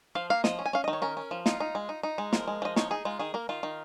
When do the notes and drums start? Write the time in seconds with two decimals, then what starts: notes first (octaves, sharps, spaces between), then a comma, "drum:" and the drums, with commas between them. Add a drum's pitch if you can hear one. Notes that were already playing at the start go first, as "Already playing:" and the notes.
0.15 F3 F5
0.30 A#3 F5
0.44 F3 D#5, drum: snare
0.59 C#4
0.66 G#5
0.73 C#4 F5
0.84 D#5
0.88 D#3
0.93 C#5
1.02 C#4 A#4
1.17 C#4
1.31 F3
1.46 D#4 F4, drum: snare
1.60 D#4
1.75 G#3
1.89 D#4
2.03 D#4
2.18 G#3
2.33 F3 A#4, drum: snare
2.48 G#3
2.62 F3 D#5
2.76 D#4 C#5, drum: snare
2.91 D#4 G#4
3.05 G#3 F4
3.19 D#3 G#4
3.34 A#3 A#4
3.49 D#3 F4
3.63 D#3